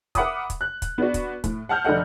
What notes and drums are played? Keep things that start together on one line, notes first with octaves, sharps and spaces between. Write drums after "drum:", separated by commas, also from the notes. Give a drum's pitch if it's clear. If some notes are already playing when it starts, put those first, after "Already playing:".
A#4 E5 F#5 B5 D6 D#6, drum: kick, hi-hat
drum: kick, hi-hat
F#6
drum: kick, hi-hat
B3 D4 F#4
drum: kick, hi-hat
A2, drum: kick, hi-hat
F#5 A5 F6 G6
F1 D3 D4 A4 D#5 F#5